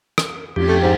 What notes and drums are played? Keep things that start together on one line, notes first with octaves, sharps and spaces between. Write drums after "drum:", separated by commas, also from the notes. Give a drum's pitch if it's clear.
drum: rim click
F2 G4, drum: cymbal
A3
G#2